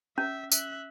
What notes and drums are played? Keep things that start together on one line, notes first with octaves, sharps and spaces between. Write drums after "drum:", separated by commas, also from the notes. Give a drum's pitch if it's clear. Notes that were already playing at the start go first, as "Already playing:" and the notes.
C#4 E5
E5 F#6, drum: tambourine